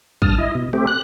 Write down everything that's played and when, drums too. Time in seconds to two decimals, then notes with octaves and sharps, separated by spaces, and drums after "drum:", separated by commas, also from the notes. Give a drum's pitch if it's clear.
0.22 G2 A5 D#6 F6, drum: kick
0.38 E4 D#5
0.55 B2
0.73 A3 C4 G4
0.87 F#6